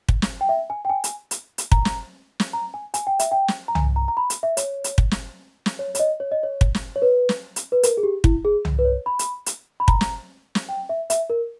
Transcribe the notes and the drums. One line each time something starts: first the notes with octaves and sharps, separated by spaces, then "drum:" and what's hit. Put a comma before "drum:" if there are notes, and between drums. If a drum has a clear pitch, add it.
drum: kick
drum: snare
G5
E5
G#5
G5
G#5
drum: hi-hat
drum: hi-hat
drum: hi-hat
A#5, drum: kick
drum: snare
drum: snare
A#5
G#5
G#5, drum: hi-hat
G5
E5, drum: hi-hat
G5
drum: snare
A#5
G#5, drum: tom
A#5
A#5
B5
drum: hi-hat
E5
C#5, drum: hi-hat
drum: hi-hat
drum: kick
drum: snare
drum: snare
C#5
C#5, drum: hi-hat
D#5
C#5
D#5
C#5
drum: kick
drum: snare
C#5
B4
drum: snare
drum: hi-hat
B4
A#4, drum: hi-hat
G#4
G4
E4, drum: kick
G#4
drum: tom
B4
C#5
B5
drum: hi-hat
drum: hi-hat
B5
A#5, drum: kick
drum: snare
drum: snare
G5
E5
E5, drum: hi-hat
A#4